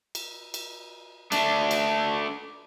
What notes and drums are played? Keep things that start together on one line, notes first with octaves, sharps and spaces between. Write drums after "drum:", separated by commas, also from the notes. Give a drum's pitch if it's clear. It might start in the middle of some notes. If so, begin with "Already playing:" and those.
drum: cymbal
drum: cymbal
A3 D4, drum: cymbal
drum: cymbal